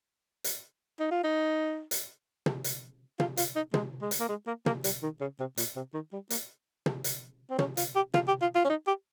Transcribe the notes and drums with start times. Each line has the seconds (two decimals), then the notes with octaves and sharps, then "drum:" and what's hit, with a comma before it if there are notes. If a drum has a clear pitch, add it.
0.44 drum: hi-hat
1.00 D#4
1.11 F4
1.24 D#4
1.91 drum: hi-hat
2.46 drum: tom
2.64 drum: hi-hat
3.20 F4, drum: tom
3.37 F4, drum: hi-hat
3.56 D#4
3.74 G#3, drum: tom
4.02 G#3
4.11 drum: hi-hat
4.20 A#3
4.29 G#3
4.47 A#3
4.66 A#3, drum: tom
4.84 G3, drum: hi-hat
5.03 D#3
5.21 C#3
5.40 C3
5.57 A#2, drum: hi-hat
5.76 C3
5.94 D#3
6.13 G3
6.30 A#3, drum: hi-hat
6.86 drum: tom
7.04 drum: hi-hat
7.50 C4
7.59 C#4, drum: tom
7.77 F4, drum: hi-hat
7.96 G4
8.14 F4, drum: tom
8.28 G4
8.42 F4
8.55 F4
8.65 C#4
8.70 D#4
8.87 G4